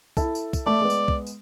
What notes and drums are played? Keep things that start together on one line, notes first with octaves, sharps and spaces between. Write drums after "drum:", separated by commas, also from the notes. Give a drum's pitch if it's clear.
E4 A4, drum: kick, tambourine
drum: tambourine
drum: kick, tambourine
A3 D5 E5
G#3 B3
drum: tambourine
drum: kick
drum: tambourine